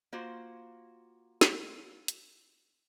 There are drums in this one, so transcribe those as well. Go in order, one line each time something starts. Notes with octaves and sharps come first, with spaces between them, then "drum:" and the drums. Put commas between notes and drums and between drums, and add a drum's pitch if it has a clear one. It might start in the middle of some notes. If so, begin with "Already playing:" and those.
A#3 F4 F#4 C5
drum: snare
drum: hi-hat